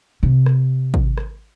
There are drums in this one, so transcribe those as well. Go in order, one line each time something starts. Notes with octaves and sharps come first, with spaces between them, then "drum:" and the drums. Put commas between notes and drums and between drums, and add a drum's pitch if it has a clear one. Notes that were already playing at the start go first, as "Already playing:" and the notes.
C3
drum: rim click
drum: kick
drum: rim click